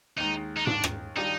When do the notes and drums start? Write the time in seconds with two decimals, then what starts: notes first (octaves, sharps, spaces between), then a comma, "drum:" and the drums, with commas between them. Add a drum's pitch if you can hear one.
0.18 D#2 D#3 G#3 D#4
0.57 D#4
0.67 D4, drum: tom G#2
0.84 drum: rim click
1.16 D#3 G3 D4 D#4 F4